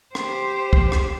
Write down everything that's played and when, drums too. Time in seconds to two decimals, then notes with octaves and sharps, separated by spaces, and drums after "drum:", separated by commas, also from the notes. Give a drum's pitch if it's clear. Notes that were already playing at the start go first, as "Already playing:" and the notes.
0.15 G4 C5, drum: rim click
0.73 drum: kick
0.92 drum: rim click